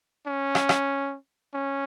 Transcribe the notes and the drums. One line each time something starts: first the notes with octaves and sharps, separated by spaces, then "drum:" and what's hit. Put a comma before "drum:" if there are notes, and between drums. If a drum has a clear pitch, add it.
C#4
drum: rim click
drum: rim click
C#4